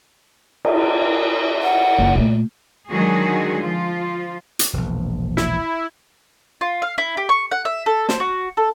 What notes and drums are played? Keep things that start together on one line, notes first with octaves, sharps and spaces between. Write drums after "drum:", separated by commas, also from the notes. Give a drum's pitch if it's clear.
drum: cymbal
F#5
F#1
A#2 A3
D3 D#3 F#3 G#3 F#4 G#4
F3 F4
drum: hi-hat
E1 A#1
E4, drum: snare
F4
F5
E4
G4
C#6
F#5
E5
A4
C5, drum: snare
F#4
A4